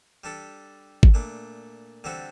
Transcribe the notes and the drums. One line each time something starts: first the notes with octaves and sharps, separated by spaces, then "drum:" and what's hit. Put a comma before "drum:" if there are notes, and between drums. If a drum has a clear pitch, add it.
G3 D4 A4
drum: kick G#1
A#2 A3 D4
D3 G3 C4 F#4 A4